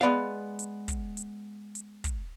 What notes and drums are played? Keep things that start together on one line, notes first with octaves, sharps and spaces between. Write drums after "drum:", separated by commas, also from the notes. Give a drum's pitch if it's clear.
G#3 B3 D5 F5
drum: hi-hat
drum: kick, hi-hat
drum: hi-hat
drum: hi-hat
drum: kick, hi-hat